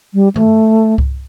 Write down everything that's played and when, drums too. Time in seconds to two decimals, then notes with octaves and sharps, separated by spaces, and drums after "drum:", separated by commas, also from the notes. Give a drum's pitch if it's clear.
0.14 G3
0.36 A3, drum: tom
0.98 drum: kick C2